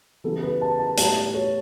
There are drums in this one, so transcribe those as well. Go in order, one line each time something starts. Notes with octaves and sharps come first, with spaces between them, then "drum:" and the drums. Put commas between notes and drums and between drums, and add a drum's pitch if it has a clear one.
C#3 E3 G3 B3 A4
B4
A5
A5
A2 G3 B3 A5, drum: hi-hat
C#5